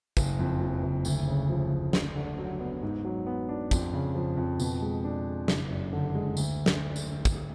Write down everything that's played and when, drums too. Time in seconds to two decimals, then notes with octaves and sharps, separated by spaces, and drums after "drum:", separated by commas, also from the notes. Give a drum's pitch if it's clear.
0.17 F#1, drum: kick, tambourine
0.39 F2
0.61 F3
0.83 F#1
1.05 D2, drum: tambourine
1.27 C#3
1.49 F3
1.72 D2
1.93 D2, drum: snare
2.16 D3
2.38 F#3
2.60 B3
2.83 G#2
3.05 F#3
3.27 B3
3.49 D4
3.71 F2, drum: kick, tambourine
3.93 C#3
4.15 F3
4.37 F2
4.60 B2, drum: tambourine
4.82 G#3
5.04 D4
5.27 G#4
5.48 F#1, drum: snare
5.70 F#2
5.93 D3
6.15 G#3
6.37 D2, drum: tambourine
6.66 drum: snare
6.96 drum: tambourine
7.25 drum: kick, tambourine